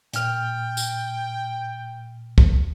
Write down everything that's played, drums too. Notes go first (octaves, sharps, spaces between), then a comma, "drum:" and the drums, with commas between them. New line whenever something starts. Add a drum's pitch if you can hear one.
A#2 G5 F6, drum: hi-hat
drum: tambourine
drum: kick